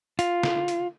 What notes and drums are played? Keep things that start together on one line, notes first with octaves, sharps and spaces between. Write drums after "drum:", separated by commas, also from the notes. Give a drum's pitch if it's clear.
F4, drum: hi-hat
drum: snare
drum: hi-hat